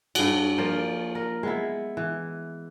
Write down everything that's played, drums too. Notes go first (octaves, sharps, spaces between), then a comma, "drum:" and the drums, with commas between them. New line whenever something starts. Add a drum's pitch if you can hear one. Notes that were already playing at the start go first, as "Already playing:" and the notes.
G2 F#4, drum: cymbal
F3 A#3 F4 D5
A#4
G#3 B3 E4
E3